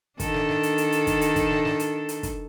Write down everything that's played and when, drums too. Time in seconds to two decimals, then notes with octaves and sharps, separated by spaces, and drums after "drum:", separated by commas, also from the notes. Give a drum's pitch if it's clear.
0.20 D#3 D4 A4, drum: kick, hi-hat
0.34 drum: snare
0.49 drum: snare
0.63 drum: hi-hat
0.78 drum: hi-hat
0.92 drum: hi-hat
1.07 drum: kick, hi-hat
1.21 drum: hi-hat
1.36 drum: kick, hi-hat
1.50 drum: snare
1.65 drum: snare
1.80 drum: hi-hat
2.09 drum: hi-hat
2.23 drum: kick, hi-hat